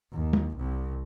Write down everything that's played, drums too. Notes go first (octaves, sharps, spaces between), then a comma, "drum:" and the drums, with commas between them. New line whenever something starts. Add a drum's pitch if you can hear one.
D#2
drum: tom
C2